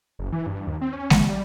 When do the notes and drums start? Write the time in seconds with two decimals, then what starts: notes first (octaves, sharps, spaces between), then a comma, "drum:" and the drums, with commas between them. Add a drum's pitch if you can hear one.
0.19 F#1
0.32 E3
0.47 G2
0.67 D#2
0.81 C4
0.93 C#4
1.10 A1, drum: snare G#3
1.23 G3